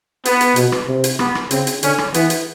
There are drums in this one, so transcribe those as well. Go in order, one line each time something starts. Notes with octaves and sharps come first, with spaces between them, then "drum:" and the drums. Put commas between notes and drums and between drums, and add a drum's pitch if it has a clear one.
B3, drum: hi-hat
drum: hi-hat
B2, drum: hi-hat
drum: rim click
C3
drum: hi-hat
B3, drum: rim click
drum: rim click
C#3 C4, drum: hi-hat
drum: hi-hat
D3 C#4, drum: hi-hat
drum: rim click
E3 B3, drum: hi-hat
drum: hi-hat